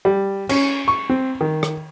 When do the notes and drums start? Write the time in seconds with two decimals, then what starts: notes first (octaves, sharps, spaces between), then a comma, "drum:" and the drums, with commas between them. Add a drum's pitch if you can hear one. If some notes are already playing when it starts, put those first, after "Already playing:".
0.05 G3
0.49 C#4, drum: cymbal
0.88 C#6
1.10 C4
1.41 D#3
1.63 drum: rim click